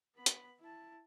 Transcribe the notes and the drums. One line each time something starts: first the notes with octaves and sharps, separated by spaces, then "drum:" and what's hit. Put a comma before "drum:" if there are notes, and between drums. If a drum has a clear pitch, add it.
B3 B5
drum: hi-hat
E4 A5